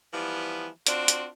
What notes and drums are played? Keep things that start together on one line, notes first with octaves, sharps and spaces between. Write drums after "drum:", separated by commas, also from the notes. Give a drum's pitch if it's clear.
E3 F3 G3 B3
C4 D4 F4 F#4, drum: hi-hat
drum: hi-hat